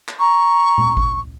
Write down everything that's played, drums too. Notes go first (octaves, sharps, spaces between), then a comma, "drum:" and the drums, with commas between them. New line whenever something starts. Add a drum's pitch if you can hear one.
drum: clap
A#5 C#6
drum: tom A#2
drum: kick G#1